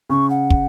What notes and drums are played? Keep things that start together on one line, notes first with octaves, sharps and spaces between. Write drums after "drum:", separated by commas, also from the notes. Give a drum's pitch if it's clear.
C#3 C#6
F#5
drum: kick